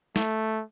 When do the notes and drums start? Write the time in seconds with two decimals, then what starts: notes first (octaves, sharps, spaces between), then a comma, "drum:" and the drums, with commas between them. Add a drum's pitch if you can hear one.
0.16 A3, drum: snare